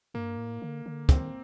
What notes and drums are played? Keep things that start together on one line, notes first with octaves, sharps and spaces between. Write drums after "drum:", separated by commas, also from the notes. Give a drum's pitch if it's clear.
G2 A#3
A2
D3
D3
D#3 C4, drum: kick, hi-hat